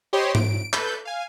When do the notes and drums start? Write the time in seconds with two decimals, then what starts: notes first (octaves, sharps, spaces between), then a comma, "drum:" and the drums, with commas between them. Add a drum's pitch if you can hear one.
0.13 G4 C5 C#5 D#5 B5 C6
0.35 D7, drum: tom G#2
0.73 A4 B4 G6, drum: clap
1.05 F5 G#5